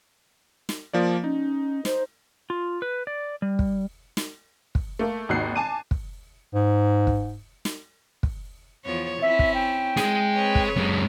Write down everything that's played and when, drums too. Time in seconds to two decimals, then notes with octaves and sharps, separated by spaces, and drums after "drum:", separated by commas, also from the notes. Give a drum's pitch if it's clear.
0.69 drum: snare
0.93 F3 A#3 D5
1.24 C#4 D#4
1.85 C5, drum: snare
2.50 F4
2.82 B4
3.07 D5
3.42 G3
3.59 drum: kick
4.17 drum: snare
4.75 drum: kick
4.99 A3 A#3
5.29 G#1 D#2 D#4 F#4 F#6 C7
5.56 G#5 A5 D6 D#7
5.91 drum: kick
6.54 G#2
7.07 drum: kick
7.65 drum: snare
8.23 drum: kick
8.85 E2 F3 C#5
9.22 C4 C#4 E4 E5
9.39 drum: kick
9.54 G5
9.97 G#3 G#4, drum: snare
10.35 C4 B4 C#5
10.55 drum: kick
10.76 F#2 G#3